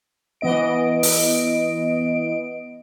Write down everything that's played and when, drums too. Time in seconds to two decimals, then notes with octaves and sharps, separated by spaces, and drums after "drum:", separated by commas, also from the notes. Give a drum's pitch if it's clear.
0.41 E3 B3 D#5 D7
1.03 drum: open hi-hat